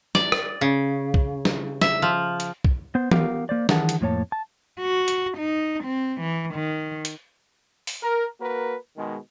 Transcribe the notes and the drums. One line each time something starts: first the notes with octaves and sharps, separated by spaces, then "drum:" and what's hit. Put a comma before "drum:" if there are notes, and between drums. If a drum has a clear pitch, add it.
D5, drum: snare
drum: rim click
C#3
drum: kick
drum: snare
E5, drum: snare
F3
drum: hi-hat
drum: kick
B3 C5
B3 G4 A#4 F5, drum: tom E3
A#3 C5 D5
D#3 E3 G#4 A#4 F#5 A5, drum: snare
drum: hi-hat
F2 A2 A#3 C#5 A5
A5
F#4
drum: hi-hat
D#4
C4
E3
D#3
drum: hi-hat
drum: open hi-hat
A#4
A#3 F#4 A#4 B4
B2 D#3 G#3